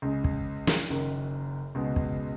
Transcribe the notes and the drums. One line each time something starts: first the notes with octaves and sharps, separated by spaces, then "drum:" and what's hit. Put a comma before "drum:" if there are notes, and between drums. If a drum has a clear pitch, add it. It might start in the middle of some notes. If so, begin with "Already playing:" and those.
C#2 C#3 G#3
drum: kick
drum: snare
F#1 F#2 D#3
C#2 B2 G#3
drum: kick